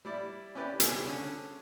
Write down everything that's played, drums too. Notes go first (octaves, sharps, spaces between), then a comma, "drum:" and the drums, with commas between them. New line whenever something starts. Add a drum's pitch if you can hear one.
G3 E4 D5
C#4 E4 G4 B4 D5
C2 G#4, drum: hi-hat
D3 C#4